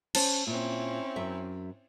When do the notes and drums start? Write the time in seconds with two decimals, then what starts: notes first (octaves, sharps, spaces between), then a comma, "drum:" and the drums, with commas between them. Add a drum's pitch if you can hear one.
0.15 C#4 C5 A5, drum: cymbal
0.47 A#2 C4 C#4 E4
1.16 F#2 E5